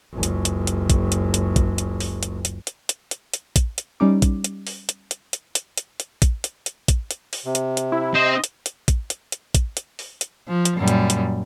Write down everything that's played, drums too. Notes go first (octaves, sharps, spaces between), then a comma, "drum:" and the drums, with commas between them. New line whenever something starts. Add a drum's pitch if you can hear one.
F#1 C#2
drum: hi-hat
drum: hi-hat
drum: hi-hat
drum: kick, hi-hat
drum: hi-hat
drum: hi-hat
drum: kick, hi-hat
drum: hi-hat
drum: open hi-hat
drum: hi-hat
drum: hi-hat
drum: hi-hat
drum: hi-hat
drum: hi-hat
drum: hi-hat
drum: kick, hi-hat
drum: hi-hat
G3 C#4 D#4 D6
drum: kick, hi-hat
drum: hi-hat
drum: open hi-hat
drum: hi-hat
drum: hi-hat
drum: hi-hat
drum: hi-hat
drum: hi-hat
drum: hi-hat
drum: kick, hi-hat
drum: hi-hat
drum: hi-hat
drum: kick, hi-hat
drum: hi-hat
drum: open hi-hat
C3
drum: hi-hat
drum: hi-hat
E4
C4 C5 D#5
drum: hi-hat
drum: hi-hat
drum: kick, hi-hat
drum: hi-hat
drum: hi-hat
drum: kick, hi-hat
drum: hi-hat
drum: open hi-hat
drum: hi-hat
F3
drum: hi-hat
F#2 A#2 G3
drum: hi-hat
drum: hi-hat